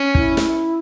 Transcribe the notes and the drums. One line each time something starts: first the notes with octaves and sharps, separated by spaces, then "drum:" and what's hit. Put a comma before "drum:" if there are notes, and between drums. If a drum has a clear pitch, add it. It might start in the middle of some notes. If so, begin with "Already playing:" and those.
Already playing: C#4
E4, drum: kick
drum: snare